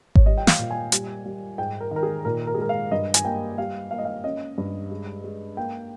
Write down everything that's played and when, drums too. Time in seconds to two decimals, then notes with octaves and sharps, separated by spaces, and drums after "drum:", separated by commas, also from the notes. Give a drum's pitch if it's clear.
0.15 C#5, drum: kick G#1
0.26 G3 D#5
0.38 G5
0.47 F5, drum: snare
0.59 A#2
0.70 G#5
0.92 G3, drum: hi-hat
1.26 G3
1.58 G#2 G5
1.80 A#4
1.91 D#3 A#4
2.03 G#4
2.25 A#2 A#4
2.47 A#4
2.54 G#4
2.58 G#3 A#4
2.69 F5
2.91 G2 D#5
3.14 G#5, drum: hi-hat
3.25 A#3 G5
3.58 G3 F5
3.91 A#3 F5
3.99 D#5
4.05 F5
4.24 C#4 D#5
4.58 G2
4.91 G#3
5.24 G#3
5.57 A#3 G5